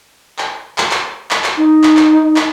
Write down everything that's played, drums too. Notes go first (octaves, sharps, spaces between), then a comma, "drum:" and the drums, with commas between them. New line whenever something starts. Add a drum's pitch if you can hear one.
drum: clap
drum: clap
drum: clap
drum: clap
drum: clap
D#4
drum: clap
drum: clap
drum: clap